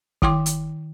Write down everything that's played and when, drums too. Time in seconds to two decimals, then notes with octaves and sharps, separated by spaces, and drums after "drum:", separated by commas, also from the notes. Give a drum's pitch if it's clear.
0.22 D#3 E4 G5 C6 D6, drum: kick
0.46 drum: hi-hat